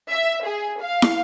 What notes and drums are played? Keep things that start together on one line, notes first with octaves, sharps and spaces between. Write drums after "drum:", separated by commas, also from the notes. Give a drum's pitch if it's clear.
E5
G#4
F5
drum: snare